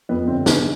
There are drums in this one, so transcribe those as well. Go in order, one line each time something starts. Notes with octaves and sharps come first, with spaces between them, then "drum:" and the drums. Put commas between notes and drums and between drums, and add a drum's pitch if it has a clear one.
F2 B3
G1 C4
D3 B3, drum: snare